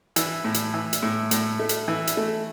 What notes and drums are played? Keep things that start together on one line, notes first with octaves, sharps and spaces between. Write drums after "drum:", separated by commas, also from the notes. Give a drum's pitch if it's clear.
E3, drum: hi-hat
A2
drum: hi-hat
E3
drum: hi-hat
A2
A2, drum: hi-hat
A3
drum: hi-hat
E3
drum: hi-hat
A3